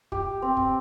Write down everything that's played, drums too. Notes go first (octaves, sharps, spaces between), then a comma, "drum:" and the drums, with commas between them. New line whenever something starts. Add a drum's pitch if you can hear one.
G4, drum: kick
C4
drum: kick